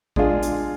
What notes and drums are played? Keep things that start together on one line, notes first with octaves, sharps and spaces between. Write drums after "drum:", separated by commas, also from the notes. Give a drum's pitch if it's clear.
G#3 D4 F4 G#4, drum: kick
drum: hi-hat